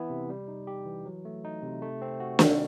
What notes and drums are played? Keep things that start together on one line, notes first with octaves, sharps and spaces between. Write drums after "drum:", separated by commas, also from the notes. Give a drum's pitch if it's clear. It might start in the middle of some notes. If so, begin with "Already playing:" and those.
Already playing: E3 B3 E4
C3
G3
D#4
G4
E3
F#3
A3
D#4
C3
A3
C4
F#4
D#3, drum: snare